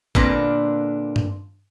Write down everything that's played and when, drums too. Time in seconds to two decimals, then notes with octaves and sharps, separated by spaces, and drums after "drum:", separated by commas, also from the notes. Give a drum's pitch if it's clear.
0.15 A#2 D3 A#3 C4 D4 B4, drum: kick
1.16 drum: tom G2